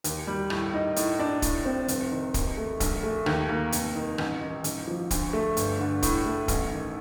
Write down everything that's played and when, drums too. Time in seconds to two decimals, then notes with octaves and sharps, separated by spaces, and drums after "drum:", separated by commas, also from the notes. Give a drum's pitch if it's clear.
0.04 D#2, drum: hi-hat
0.27 G3
0.50 A2, drum: rim click
0.74 D#4
0.96 A2, drum: hi-hat
1.19 D4
1.42 A2, drum: kick, hi-hat
1.65 C4
1.88 F1, drum: hi-hat
2.11 D#3
2.34 D#2, drum: kick, hi-hat
2.57 A3
2.80 A#1, drum: kick, hi-hat
3.03 A3
3.26 D#2, drum: rim click
3.49 A#3
3.72 F1, drum: hi-hat
3.95 D#3
4.18 A1, drum: rim click
4.41 D#3
4.64 A1, drum: hi-hat
4.87 F3
5.11 D2, drum: kick, hi-hat
5.33 A3
5.57 G1, drum: hi-hat
5.80 D3
6.03 A2, drum: kick, hi-hat
6.25 A3
6.48 A1, drum: kick, hi-hat
6.71 D#3